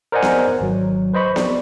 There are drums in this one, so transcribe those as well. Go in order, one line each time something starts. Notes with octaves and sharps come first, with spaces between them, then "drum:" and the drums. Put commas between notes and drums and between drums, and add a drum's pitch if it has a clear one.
A#4 C5 D5 D#5 F#5 G#5
drum: snare B3
G#1 F#3
B4 C5 D#5 B5 C#6
D5, drum: snare B3